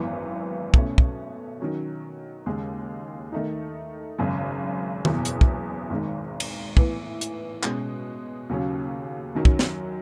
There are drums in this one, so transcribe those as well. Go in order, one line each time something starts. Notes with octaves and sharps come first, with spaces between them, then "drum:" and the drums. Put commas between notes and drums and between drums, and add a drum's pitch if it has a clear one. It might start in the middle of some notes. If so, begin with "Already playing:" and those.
Already playing: G#1 F#2 E3 B3
B2 A3 C#4, drum: kick
drum: kick
D#3 F#3 C#4
D#2 C#3 G#3
D#3 A3 D#4
G#1 F#2 C#3
F#1 E2 B2, drum: tom D#3
drum: hi-hat
drum: kick
G#1 G#2 D#3
drum: cymbal
A2 E3 B3, drum: kick
drum: hi-hat
B2 G#3 C#4, drum: clap
D#2 C#3 F#3 C#4
F#2 D#3 F#3 C#4
drum: kick
drum: snare